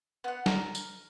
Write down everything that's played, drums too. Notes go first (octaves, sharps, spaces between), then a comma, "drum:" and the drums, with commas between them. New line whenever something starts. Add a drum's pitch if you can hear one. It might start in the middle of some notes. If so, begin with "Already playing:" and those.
B3 F#5
A#5 F6, drum: snare
drum: tambourine